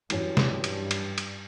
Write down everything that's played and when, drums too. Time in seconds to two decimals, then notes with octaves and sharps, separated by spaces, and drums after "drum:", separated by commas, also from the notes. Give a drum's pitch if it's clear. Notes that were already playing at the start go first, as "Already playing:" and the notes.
0.10 G2 E3 F#3 C#4, drum: cymbal
0.37 drum: snare
0.64 drum: cymbal
0.91 drum: cymbal
1.18 drum: cymbal